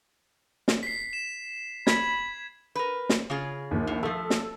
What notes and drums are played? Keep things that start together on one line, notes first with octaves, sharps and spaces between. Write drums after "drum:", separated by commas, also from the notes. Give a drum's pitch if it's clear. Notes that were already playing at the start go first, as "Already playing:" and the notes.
drum: snare
B6 C7
E7
B5 G#6, drum: snare
A#4 B4
drum: snare
C#3 F4 G#4
A#1 D#2
A2
F3 A3 A4
drum: snare